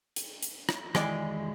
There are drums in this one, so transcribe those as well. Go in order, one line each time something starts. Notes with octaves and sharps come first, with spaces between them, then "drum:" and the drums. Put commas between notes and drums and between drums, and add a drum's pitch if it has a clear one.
drum: hi-hat
drum: hi-hat
drum: rim click
D#3 E3 G#3 D5, drum: rim click